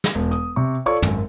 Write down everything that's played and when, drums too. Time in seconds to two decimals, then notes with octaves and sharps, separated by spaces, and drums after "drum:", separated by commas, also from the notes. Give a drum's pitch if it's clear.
0.04 drum: snare
0.15 E1
0.31 D#6, drum: hi-hat
0.56 C3 C#6
0.86 F4 A4 C#5 D5 C#6
1.03 G#1 F#2, drum: tom